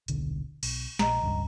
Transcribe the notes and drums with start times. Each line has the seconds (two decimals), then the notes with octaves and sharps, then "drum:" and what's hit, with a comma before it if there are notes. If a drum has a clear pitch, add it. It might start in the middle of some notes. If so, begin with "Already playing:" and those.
0.08 D#1 B1 D3, drum: hi-hat
0.63 B1, drum: cymbal
0.99 A#1 D#5 A#5, drum: snare
1.22 E1 C#2 G2